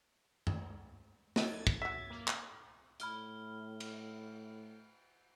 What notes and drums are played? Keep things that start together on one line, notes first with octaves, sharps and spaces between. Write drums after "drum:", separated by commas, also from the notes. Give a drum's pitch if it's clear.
drum: tom F#2
B3 D#5 E5 G#6 A6, drum: snare
drum: kick
C#4 F#4 E5
A#3
drum: clap
A2 B5 F6 G7, drum: hi-hat
drum: cymbal